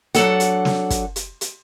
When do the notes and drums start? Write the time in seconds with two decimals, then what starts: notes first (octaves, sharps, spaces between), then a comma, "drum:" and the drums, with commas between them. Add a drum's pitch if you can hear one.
0.15 F#3 D4 A4 F#5, drum: hi-hat
0.40 drum: hi-hat
0.65 drum: snare
0.90 drum: kick, hi-hat
1.16 drum: hi-hat
1.41 drum: hi-hat